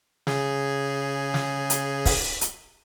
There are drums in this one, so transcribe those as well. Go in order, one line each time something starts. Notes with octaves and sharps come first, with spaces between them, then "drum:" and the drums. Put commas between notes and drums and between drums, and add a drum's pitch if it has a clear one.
C#3 G#4, drum: snare
drum: snare
drum: hi-hat
drum: kick, open hi-hat
drum: hi-hat